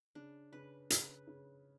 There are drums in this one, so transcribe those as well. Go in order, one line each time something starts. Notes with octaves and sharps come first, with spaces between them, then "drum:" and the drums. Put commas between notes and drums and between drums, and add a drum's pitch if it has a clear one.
C#3 D4
C#3 B4
C#3 B4, drum: hi-hat
C#3